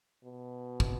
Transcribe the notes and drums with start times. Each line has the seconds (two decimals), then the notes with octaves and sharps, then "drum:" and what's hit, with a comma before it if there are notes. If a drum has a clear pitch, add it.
0.24 B2
0.80 drum: kick